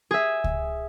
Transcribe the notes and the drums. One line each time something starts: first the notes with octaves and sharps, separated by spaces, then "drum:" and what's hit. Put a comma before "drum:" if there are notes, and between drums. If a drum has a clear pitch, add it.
G#4 E5
drum: kick C#2